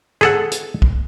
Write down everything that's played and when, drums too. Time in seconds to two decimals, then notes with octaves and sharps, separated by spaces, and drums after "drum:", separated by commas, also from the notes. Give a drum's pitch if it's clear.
0.21 G#4 A4 F#5, drum: rim click
0.52 drum: hi-hat
0.82 drum: kick